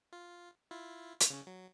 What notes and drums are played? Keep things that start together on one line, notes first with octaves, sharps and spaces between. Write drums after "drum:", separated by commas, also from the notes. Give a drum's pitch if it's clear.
F4
E4 F4
drum: hi-hat
C#3 C#4
F#3